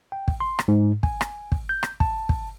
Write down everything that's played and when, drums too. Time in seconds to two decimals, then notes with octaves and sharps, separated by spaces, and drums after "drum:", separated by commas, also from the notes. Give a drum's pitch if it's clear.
0.12 G5
0.28 drum: kick
0.40 C6
0.59 drum: rim click
0.68 G#2
1.03 G#5, drum: kick
1.21 drum: rim click
1.52 drum: kick
1.69 G6
1.83 drum: rim click
2.00 A5, drum: kick
2.29 drum: kick